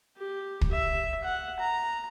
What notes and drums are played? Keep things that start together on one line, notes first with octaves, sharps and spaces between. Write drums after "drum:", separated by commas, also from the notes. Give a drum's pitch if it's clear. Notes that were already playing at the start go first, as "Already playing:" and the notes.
G4
drum: kick
E5
F#5
A#5